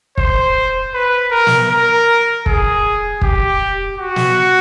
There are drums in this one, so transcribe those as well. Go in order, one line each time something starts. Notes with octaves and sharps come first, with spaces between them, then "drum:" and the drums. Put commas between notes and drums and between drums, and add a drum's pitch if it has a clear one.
C5, drum: kick
B4
A#4
drum: snare
A#4
G#4, drum: kick
G4, drum: kick
F#4
drum: snare